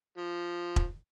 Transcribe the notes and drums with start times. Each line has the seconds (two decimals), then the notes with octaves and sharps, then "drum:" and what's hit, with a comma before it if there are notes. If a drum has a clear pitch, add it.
0.17 F3
0.76 drum: kick E1